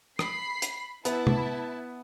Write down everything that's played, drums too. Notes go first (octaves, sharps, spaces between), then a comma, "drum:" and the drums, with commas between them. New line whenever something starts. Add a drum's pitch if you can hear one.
B5 C7, drum: rim click
drum: hi-hat
B3 E4 A5, drum: hi-hat
drum: tom C3